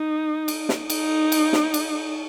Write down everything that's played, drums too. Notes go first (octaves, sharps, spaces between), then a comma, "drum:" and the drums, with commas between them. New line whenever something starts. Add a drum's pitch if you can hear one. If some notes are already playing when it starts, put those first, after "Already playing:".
Already playing: D#4
drum: cymbal
drum: snare
D#4, drum: cymbal
drum: cymbal
drum: snare
drum: cymbal